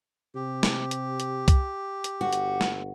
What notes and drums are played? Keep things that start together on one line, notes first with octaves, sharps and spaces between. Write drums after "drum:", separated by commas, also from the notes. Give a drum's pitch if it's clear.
C3 G4
drum: snare
drum: hi-hat
drum: hi-hat
drum: kick C2, hi-hat
drum: hi-hat
G1 F#4
drum: hi-hat
drum: snare